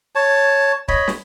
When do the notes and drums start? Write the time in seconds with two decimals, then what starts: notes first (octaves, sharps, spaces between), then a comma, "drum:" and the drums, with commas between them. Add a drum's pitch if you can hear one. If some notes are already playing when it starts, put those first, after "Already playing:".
0.15 C#5 A5
0.88 C#5 D#5 B5, drum: kick
1.08 drum: snare